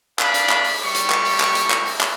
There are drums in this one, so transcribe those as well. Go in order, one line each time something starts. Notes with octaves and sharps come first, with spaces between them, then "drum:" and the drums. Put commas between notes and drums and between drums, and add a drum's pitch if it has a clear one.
D4 B4 F5 B5, drum: clap
drum: hi-hat
drum: clap
drum: open hi-hat
G3 G4 C#6
drum: hi-hat
drum: clap
drum: open hi-hat
drum: clap
drum: hi-hat
drum: clap
drum: open hi-hat
drum: clap